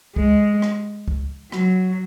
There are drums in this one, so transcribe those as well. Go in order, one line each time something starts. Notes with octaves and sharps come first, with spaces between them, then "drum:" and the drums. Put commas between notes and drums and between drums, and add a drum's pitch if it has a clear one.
G#3, drum: kick
drum: rim click
drum: kick
F#3, drum: rim click